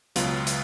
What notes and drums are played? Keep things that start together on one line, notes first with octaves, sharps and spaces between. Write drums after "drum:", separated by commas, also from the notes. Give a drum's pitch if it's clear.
C#2 B2 F#3 B3 F4, drum: hi-hat
drum: hi-hat